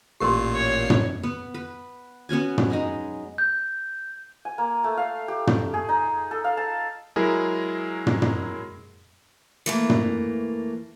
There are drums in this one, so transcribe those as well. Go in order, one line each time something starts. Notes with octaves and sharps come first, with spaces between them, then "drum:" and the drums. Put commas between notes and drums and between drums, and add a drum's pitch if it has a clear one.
A1 A#2 G4 A#4 C6 C7
C#5
drum: tom
B3
B4
B3 C#4 F#4 G#5
drum: tom
F#3 G#3 D#4
G6
G#5
A#3
A3
F5
G4
G5, drum: tom
G#4
D#4
A4
F5
A5
F#3 G#3 E4 G#4 A#4
drum: tom
drum: tom
E3 A3 A#3
drum: tom